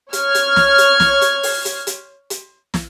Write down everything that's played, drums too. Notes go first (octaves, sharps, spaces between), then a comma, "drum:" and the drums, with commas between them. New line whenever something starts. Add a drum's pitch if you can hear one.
C#5 F6 G#6, drum: hi-hat
drum: hi-hat
drum: snare
drum: hi-hat
drum: snare
drum: hi-hat
drum: open hi-hat
drum: hi-hat
drum: hi-hat
drum: hi-hat
drum: snare